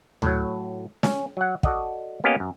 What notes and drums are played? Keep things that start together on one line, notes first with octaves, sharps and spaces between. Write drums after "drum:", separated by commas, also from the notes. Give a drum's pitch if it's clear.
A2 F#3, drum: tom D2
C#4, drum: snare
F#3 F#5
F#4 A4 D5 D#5 F#5, drum: kick
A#3 B3 C#4 G4 D#5 F5
F#2